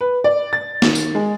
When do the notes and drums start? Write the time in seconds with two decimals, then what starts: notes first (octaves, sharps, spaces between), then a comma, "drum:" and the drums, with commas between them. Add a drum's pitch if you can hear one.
0.01 B4
0.24 D5
0.53 A6
0.82 D#3, drum: snare
0.95 drum: tambourine
1.15 G#3